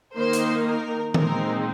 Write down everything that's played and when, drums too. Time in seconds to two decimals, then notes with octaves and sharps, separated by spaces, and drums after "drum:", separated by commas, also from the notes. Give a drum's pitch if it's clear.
0.16 D#3 A#3 D#4 C5
0.33 drum: hi-hat
0.65 A#4
1.14 A#2 G#3 C4 D#4 A#4, drum: tom D#3